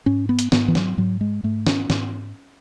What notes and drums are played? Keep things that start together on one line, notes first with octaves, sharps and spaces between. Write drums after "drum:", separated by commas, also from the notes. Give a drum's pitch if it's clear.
G#2 C#4
B3
drum: hi-hat
G#2 B3, drum: snare
E3
F#3, drum: snare
G#2 F#3
G#3
G#2 A3
C#4, drum: snare
G#2, drum: snare